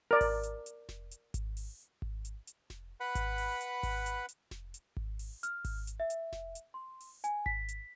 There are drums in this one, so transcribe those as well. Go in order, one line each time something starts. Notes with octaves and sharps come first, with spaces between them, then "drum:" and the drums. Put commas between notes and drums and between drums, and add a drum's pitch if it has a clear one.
A#4 D5
drum: kick G#1, open hi-hat
drum: hi-hat
drum: hi-hat
drum: snare F1
drum: hi-hat
drum: kick G#1, hi-hat
drum: open hi-hat
drum: kick G#1
drum: hi-hat
drum: hi-hat
drum: snare F1
B4 F#5 B5
drum: kick G#1, hi-hat
drum: open hi-hat
drum: hi-hat
drum: kick G#1, open hi-hat
drum: hi-hat
drum: hi-hat
drum: snare F1
drum: hi-hat
drum: kick G#1
drum: open hi-hat
F6, drum: hi-hat
drum: kick G#1, open hi-hat
drum: hi-hat
E5
drum: hi-hat
drum: snare F1
drum: hi-hat
C6
drum: open hi-hat
G#5, drum: hi-hat
B6, drum: kick G#1
drum: hi-hat